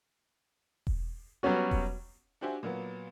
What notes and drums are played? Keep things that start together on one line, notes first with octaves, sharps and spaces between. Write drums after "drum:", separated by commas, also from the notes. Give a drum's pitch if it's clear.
drum: kick E1
F#3 G3 B3 C#4 F#4
drum: kick E1
D4 F#4 G4 C5 E5 G#5
A#2 F#3 B3